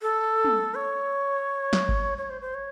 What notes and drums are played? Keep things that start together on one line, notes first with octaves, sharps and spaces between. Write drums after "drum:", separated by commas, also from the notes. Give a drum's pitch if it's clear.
A4
drum: tom
C#5
drum: snare
drum: kick G1
C#5
C5
C5
C#5